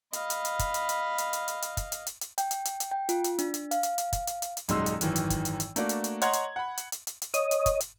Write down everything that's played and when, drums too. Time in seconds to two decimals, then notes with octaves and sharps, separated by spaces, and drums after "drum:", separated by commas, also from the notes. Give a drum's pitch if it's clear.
0.13 D#5 F5 B5, drum: hi-hat
0.30 drum: hi-hat
0.45 drum: hi-hat
0.59 drum: kick, hi-hat
0.74 drum: hi-hat
0.89 drum: hi-hat
1.18 drum: hi-hat
1.33 drum: hi-hat
1.48 drum: hi-hat
1.62 drum: hi-hat
1.77 drum: kick, hi-hat
1.92 drum: hi-hat
2.07 drum: hi-hat
2.21 drum: hi-hat
2.38 G5, drum: hi-hat
2.51 drum: hi-hat
2.65 drum: hi-hat
2.80 drum: hi-hat
2.91 G5
3.09 F4, drum: hi-hat
3.24 drum: hi-hat
3.39 D4, drum: hi-hat
3.54 drum: hi-hat
3.71 F5, drum: hi-hat
3.83 drum: hi-hat
3.98 drum: hi-hat
4.13 drum: kick, hi-hat
4.27 drum: hi-hat
4.42 drum: hi-hat
4.57 drum: hi-hat
4.69 D#1 F#2 G#3 D#4 C6 E6, drum: hi-hat
4.86 drum: hi-hat
5.01 G#1 F#2 D#3 E3, drum: hi-hat
5.16 drum: hi-hat
5.30 drum: kick, hi-hat
5.45 drum: hi-hat
5.60 drum: hi-hat
5.76 A3 A#3 D4 F#4, drum: hi-hat
5.89 drum: hi-hat
6.04 drum: hi-hat
6.21 C#5 D#5 F#5 A#5 C6 G#6, drum: hi-hat
6.33 drum: hi-hat
6.56 F#5 B5
6.77 drum: hi-hat
6.92 drum: hi-hat
7.07 drum: hi-hat
7.22 drum: hi-hat
7.34 C#5 D#5 D#6, drum: hi-hat
7.51 drum: hi-hat
7.66 drum: kick, hi-hat
7.80 drum: hi-hat